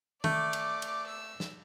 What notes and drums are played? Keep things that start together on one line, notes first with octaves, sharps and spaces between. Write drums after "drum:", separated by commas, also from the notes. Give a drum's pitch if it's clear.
A3 D5 D6, drum: tom D#3
drum: cymbal
drum: cymbal
E6
drum: snare